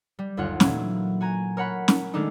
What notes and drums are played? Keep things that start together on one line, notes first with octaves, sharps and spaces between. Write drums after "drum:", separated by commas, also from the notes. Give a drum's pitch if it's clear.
G3
G1 D#2 F4 F#5
A#2 E3 F#3 A3 A#3, drum: snare
F#4 G#5 A#5
A#4 C#5 F#5 B5
drum: snare
D#3 G#3 A3 D4 D#4